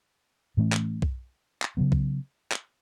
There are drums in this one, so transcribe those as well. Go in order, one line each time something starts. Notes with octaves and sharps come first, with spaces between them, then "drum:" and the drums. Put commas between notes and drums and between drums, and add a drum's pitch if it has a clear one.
A2 E3 A3 C#4
drum: clap
drum: kick B1
drum: clap
C#3 F#3 B3
drum: kick B1
drum: clap